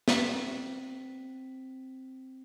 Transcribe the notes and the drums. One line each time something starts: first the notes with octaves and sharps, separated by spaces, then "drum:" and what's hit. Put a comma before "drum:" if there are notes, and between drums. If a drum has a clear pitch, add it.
C4 B6, drum: snare